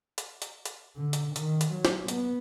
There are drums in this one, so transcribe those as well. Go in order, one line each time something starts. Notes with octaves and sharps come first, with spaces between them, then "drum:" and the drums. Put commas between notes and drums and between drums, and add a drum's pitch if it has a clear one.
drum: hi-hat
drum: hi-hat
drum: hi-hat
D3
drum: hi-hat
D#3, drum: hi-hat
drum: hi-hat
F#3
drum: snare
B3, drum: hi-hat